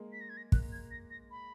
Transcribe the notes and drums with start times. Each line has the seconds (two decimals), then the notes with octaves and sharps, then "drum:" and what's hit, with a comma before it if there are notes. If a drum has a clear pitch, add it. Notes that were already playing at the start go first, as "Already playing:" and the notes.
Already playing: G#3 A#3
0.13 B6
0.21 A#6
0.29 G#6
0.37 A#6
0.52 A#3 F#6, drum: kick
0.72 G#6
0.91 A#6
1.11 A#6
1.31 B5